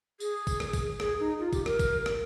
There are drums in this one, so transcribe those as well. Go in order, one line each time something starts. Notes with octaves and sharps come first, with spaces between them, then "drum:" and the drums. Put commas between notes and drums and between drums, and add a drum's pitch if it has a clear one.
G#4, drum: tambourine
drum: kick, tambourine
drum: rim click
drum: kick, tambourine
G#4, drum: rim click
D#4
F4
G4, drum: kick, tambourine
A#4, drum: rim click
drum: kick, tambourine
drum: rim click